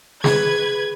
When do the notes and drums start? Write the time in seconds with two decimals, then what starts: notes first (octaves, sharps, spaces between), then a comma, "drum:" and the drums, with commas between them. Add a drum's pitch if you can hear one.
0.24 G#4 B4 G#6, drum: snare